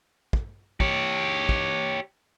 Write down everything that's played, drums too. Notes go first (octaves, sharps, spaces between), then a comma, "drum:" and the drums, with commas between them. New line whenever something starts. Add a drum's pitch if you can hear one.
drum: kick
G4 C#5, drum: kick
drum: kick